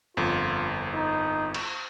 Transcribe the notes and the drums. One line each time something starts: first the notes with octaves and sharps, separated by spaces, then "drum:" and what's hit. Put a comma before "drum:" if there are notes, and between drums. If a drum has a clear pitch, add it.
G1 F2 F4
D#4
drum: cymbal